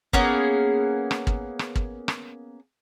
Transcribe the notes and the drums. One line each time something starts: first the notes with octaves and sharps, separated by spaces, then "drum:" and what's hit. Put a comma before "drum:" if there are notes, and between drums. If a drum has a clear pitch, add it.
A#3 B3 C#4 G#4, drum: kick
drum: rim click
drum: kick
drum: rim click
drum: kick
drum: rim click